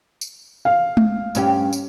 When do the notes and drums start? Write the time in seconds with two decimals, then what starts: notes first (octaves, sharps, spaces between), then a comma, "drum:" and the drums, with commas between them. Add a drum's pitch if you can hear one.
0.21 drum: tambourine
0.65 F5
0.97 drum: tom G#3
1.35 G2 C#4 G4, drum: tambourine
1.73 drum: tambourine